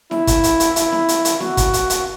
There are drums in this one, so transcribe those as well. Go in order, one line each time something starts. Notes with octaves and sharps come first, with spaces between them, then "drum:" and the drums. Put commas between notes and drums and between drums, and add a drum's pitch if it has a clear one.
E4, drum: snare E4
drum: kick, hi-hat
drum: hi-hat
drum: hi-hat
E4, drum: hi-hat
drum: snare E4
drum: hi-hat
drum: hi-hat
F#4, drum: snare E4
drum: kick, hi-hat
drum: hi-hat
drum: hi-hat